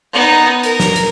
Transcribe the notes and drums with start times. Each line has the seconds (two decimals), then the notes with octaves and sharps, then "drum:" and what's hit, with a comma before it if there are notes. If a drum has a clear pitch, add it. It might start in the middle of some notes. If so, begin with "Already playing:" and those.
0.12 B3 D#4
0.63 A#4, drum: hi-hat
0.80 drum: snare
0.96 drum: hi-hat